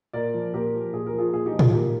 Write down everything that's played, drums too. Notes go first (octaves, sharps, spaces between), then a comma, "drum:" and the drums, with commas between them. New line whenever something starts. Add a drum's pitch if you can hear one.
A#2 A#4 D5
F3
A#2 G4 A#4
F3
A#2 G#4
A#4
F3
F4 G#4
A#2 F4 G#4
D#4 G4
F3
F4 G#4, drum: tom A2
A#2 G4 A#4